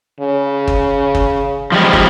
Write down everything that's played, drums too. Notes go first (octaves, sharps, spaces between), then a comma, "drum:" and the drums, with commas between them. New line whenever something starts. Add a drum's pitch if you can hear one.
C#3
drum: kick
drum: kick
F3 G3 G#3
drum: kick